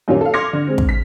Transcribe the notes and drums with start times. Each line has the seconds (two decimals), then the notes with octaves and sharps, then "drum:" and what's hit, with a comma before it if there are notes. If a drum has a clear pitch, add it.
0.08 F#2 A#2 D#3 G3 A#3 C#4
0.21 A4 F5
0.34 C6 D6 F6 G#6 A#6 C#7
0.53 D3
0.67 G#3 C4
0.78 drum: kick
0.89 B6